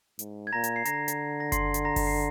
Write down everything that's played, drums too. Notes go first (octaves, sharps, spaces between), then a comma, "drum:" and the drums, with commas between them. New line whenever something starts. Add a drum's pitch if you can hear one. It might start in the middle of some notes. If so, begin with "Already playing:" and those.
G#2, drum: hi-hat
G#6
A#2 A#5 A#6
drum: hi-hat
C7
D3 A#5 A#6, drum: hi-hat
drum: hi-hat
A#6
C6 C7, drum: kick F#1, hi-hat
drum: hi-hat
A#5 A#6
drum: kick F#1, open hi-hat
C7